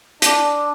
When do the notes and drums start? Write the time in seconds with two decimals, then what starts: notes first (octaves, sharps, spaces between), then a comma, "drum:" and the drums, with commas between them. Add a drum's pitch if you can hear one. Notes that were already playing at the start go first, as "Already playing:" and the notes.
0.22 D4, drum: hi-hat